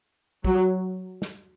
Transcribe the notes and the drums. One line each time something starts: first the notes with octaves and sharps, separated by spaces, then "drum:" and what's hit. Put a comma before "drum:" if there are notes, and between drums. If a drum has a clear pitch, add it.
F#3, drum: kick
drum: snare